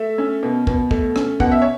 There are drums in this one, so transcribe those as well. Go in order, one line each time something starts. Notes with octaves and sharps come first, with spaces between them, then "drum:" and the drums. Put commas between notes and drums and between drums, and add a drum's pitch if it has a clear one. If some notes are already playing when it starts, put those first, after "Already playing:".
Already playing: A3 E5
C#4
B2
B2, drum: kick
A3, drum: kick
C#4, drum: rim click
B2 F#5, drum: kick
E5
C#5